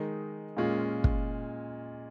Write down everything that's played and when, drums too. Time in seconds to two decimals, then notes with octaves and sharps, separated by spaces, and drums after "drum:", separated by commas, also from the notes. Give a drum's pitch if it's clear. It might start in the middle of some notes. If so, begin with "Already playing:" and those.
Already playing: D#3 G#3 D#4
0.57 A#2 G#3 C#4 F4
1.04 drum: kick